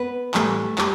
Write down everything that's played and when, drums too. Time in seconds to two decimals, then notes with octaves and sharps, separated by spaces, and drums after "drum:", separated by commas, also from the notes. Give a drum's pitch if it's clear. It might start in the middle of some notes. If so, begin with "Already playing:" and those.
Already playing: B3 B4
0.34 A2 E3 G3 A3 B3 A4, drum: clap
0.78 G3 G4, drum: clap